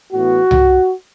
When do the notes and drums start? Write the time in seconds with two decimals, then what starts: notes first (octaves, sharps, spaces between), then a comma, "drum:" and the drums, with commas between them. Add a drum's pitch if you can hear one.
0.12 A2 E3 B3 F#4
0.51 drum: tom C2